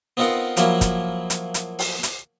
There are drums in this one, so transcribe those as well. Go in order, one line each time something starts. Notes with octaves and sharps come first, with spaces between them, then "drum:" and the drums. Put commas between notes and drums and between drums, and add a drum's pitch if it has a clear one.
B3 C4 D#4 F4 A#4 F#5
F3 F#3 A#3 E4, drum: hi-hat
drum: kick, hi-hat
drum: hi-hat
drum: hi-hat
drum: open hi-hat
drum: hi-hat